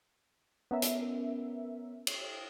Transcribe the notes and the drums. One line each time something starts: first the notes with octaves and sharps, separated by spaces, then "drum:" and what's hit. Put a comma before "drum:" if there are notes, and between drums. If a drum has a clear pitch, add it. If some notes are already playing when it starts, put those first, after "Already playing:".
B3 C#4 A#4 E5
drum: hi-hat
drum: cymbal